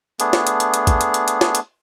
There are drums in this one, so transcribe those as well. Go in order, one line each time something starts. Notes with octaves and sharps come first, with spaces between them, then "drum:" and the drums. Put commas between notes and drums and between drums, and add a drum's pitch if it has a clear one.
A3 B3 D4 G#4, drum: hi-hat
drum: snare
drum: hi-hat
drum: hi-hat
drum: hi-hat
drum: kick, hi-hat
drum: hi-hat
drum: hi-hat
drum: hi-hat
drum: snare
drum: hi-hat